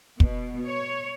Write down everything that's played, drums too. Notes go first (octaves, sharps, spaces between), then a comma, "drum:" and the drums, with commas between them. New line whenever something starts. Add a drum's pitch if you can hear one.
B2, drum: kick
C#5